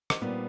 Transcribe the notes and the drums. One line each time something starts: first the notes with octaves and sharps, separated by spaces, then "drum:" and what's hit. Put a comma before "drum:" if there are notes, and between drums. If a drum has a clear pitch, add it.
drum: rim click
A#2 G3 B3 C4 D#4